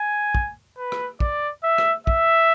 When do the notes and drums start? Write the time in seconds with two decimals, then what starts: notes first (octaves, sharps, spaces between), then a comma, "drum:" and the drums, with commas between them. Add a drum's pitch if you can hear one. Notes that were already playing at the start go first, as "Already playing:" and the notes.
Already playing: G#5
0.35 drum: kick
0.78 B4
0.92 drum: rim click
1.20 D5, drum: kick
1.64 E5
1.78 drum: rim click
2.07 E5, drum: kick